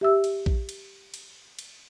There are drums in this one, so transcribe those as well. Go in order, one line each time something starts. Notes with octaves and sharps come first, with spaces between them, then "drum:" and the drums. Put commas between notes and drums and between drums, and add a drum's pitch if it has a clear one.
G4 E5 E6
drum: cymbal
drum: kick A#1
drum: cymbal
drum: cymbal
drum: cymbal